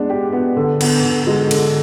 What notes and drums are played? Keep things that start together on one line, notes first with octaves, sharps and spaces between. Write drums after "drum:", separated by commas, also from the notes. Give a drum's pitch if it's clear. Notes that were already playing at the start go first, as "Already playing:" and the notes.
Already playing: G#3 B3 D4
G4
B3
D3
B3, drum: cymbal
D3
G#3
D3, drum: cymbal